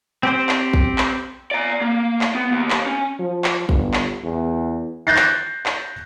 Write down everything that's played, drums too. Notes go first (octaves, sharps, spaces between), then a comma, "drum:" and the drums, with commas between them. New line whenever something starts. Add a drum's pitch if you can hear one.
C4 G4 C5
drum: clap
drum: kick
drum: clap
D5 A#5
A#3
drum: clap
B3
D#2
drum: clap
C#4
F3
drum: clap
G1, drum: kick
drum: clap
E2
F#6 G6 A6 A#6 C7
drum: clap
drum: clap